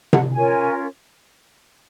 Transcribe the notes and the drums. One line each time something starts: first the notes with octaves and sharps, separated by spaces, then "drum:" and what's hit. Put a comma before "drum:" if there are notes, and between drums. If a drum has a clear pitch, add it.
F#5, drum: tom C3
C#4 F4 A#4 C#5 G#5